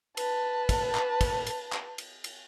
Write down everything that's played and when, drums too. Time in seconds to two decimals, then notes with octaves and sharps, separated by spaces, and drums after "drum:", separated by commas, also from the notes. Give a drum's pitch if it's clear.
0.17 B4 A5, drum: cymbal
0.69 drum: kick, cymbal
0.95 drum: clap
1.21 drum: kick, cymbal
1.47 drum: cymbal
1.72 drum: clap
1.98 drum: cymbal
2.24 drum: cymbal